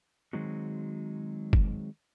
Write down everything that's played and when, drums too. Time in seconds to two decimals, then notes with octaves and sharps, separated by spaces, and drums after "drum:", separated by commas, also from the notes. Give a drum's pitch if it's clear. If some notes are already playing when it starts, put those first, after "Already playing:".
0.33 D#3 F#3 G#3 C4 D#4 F#4
1.53 drum: kick F#1